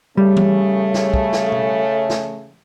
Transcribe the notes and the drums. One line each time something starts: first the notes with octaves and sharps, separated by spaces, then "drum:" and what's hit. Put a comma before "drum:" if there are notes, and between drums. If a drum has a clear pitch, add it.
C#3 G3 A3
drum: tom E3
drum: snare
drum: kick
drum: snare
drum: tom
drum: snare